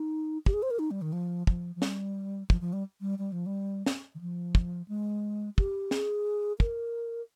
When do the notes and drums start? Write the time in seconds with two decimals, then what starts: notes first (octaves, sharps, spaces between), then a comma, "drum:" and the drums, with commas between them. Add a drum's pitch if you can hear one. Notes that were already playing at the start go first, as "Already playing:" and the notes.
Already playing: D#4
0.46 G4, drum: kick
0.54 G#4
0.63 C5
0.71 A#4
0.79 D#4
0.91 G3
1.02 D#3
1.13 F3
1.47 F3, drum: kick
1.76 F3
1.82 G3, drum: snare
2.50 F3, drum: kick
2.61 F3
2.73 G3
3.01 G3
3.18 G3
3.32 F3
3.46 G3
3.86 drum: snare
4.15 D#3
4.21 F3
4.55 drum: kick
4.88 G#3
5.58 G4, drum: kick
5.91 G#4, drum: snare
6.60 A#4, drum: kick